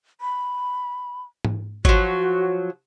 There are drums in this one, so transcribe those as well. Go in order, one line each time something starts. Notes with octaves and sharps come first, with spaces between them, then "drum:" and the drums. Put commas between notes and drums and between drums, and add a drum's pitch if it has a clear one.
B5
drum: tom G#2
F3 F#3 F#4, drum: kick G#1